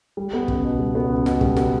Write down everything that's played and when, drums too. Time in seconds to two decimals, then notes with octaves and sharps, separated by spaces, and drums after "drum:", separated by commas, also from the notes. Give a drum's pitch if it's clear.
0.17 G3
0.33 B3
0.48 C#2, drum: kick
0.63 B2
0.79 G3
0.95 B3
1.10 C#2
1.26 B2, drum: snare
1.41 G3, drum: kick
1.57 B3, drum: snare